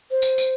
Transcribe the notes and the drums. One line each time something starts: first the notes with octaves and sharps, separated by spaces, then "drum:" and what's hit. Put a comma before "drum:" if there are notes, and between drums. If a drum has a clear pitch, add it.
C5
drum: tambourine
drum: tambourine